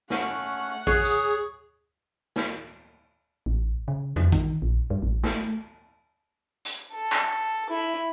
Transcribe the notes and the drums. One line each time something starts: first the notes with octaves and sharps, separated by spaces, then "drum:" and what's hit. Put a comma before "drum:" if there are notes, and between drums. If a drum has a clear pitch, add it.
A3 C#4 F#5, drum: snare
G#4 C#5 C#6 F#6, drum: kick
drum: tambourine
drum: snare
A1
C#3
F2, drum: tom F#2
D#3, drum: kick
A#1
G2
A1
A3, drum: snare
drum: hi-hat
A4
drum: clap
E4